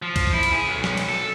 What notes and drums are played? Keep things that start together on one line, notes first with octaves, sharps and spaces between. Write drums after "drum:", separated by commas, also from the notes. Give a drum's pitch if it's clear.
F3
drum: kick C2, cymbal
E4
drum: cymbal
G#4
B1
drum: snare
drum: cymbal
A4